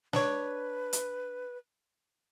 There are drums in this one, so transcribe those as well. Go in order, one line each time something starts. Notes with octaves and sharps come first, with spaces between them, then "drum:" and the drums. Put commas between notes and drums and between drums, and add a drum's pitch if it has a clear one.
D4 B4 C#5, drum: snare
drum: hi-hat